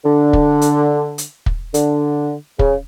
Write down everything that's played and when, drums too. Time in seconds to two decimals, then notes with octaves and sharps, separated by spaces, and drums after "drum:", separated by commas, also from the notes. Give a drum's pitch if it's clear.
0.05 D3
0.33 drum: kick
0.62 drum: hi-hat
1.18 drum: hi-hat
1.46 drum: kick
1.74 D3, drum: hi-hat
2.59 C#3, drum: kick